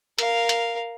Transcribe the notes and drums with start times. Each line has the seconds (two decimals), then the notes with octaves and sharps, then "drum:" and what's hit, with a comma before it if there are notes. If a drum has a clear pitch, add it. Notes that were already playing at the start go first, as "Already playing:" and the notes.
0.18 A#4 F5, drum: hi-hat
0.49 drum: hi-hat